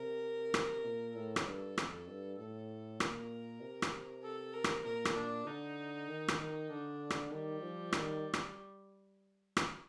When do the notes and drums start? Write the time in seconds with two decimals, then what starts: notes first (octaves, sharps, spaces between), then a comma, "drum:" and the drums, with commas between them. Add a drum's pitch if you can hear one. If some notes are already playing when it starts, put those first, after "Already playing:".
Already playing: C3 A#4
0.54 C3, drum: rim click
0.84 A#2
1.15 A2 A4
1.36 drum: rim click
1.47 G2
1.78 F2, drum: rim click
2.08 G2
2.39 A2 A4
3.00 A#2 A#4, drum: rim click
3.62 C3
3.82 drum: rim click
4.23 A4
4.54 A#4
4.64 drum: rim click
4.85 A#2 A#4
5.05 drum: rim click
5.15 D4
5.46 D3 D#4
6.08 D#3
6.28 drum: rim click
6.38 D#3
6.70 D3 D4
7.10 drum: rim click
7.31 D#3 G3
7.62 F3
7.93 D#3, drum: rim click
8.34 drum: rim click
9.57 drum: rim click